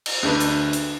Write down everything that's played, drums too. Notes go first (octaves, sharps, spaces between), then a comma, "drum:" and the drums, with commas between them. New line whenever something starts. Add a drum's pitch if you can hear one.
drum: cymbal
D2 D3 B4
drum: hi-hat
drum: hi-hat